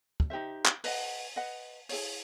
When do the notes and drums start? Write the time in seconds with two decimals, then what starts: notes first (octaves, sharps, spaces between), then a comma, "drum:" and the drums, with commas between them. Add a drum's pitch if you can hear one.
0.20 drum: kick
0.30 D#4 G4 C5 E5
0.65 drum: clap
0.84 B4 D#5 F#5, drum: open hi-hat
1.36 B4 D#5 F#5
1.89 E4 G#4 C#5, drum: open hi-hat